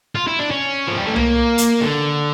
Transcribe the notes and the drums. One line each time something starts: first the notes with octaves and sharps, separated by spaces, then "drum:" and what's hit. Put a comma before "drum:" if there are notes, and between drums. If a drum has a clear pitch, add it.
F4
E4
D4
C#4
F3
G3
A3
A#3, drum: tom C2
drum: hi-hat
D3